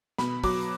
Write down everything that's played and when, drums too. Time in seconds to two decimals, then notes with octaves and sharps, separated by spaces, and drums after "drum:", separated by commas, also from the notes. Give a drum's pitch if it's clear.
0.18 B2 B5, drum: snare
0.44 F#3 D6, drum: kick, open hi-hat